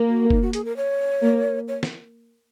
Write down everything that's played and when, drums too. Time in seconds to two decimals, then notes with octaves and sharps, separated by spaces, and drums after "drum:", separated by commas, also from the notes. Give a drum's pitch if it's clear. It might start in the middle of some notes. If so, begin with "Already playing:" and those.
Already playing: A#3
0.08 F#4
0.30 D#4, drum: kick F#1
0.42 F#4
0.53 G#4, drum: hi-hat
0.65 A#4
0.77 C#5
1.22 A#3
1.68 C#5
1.83 drum: snare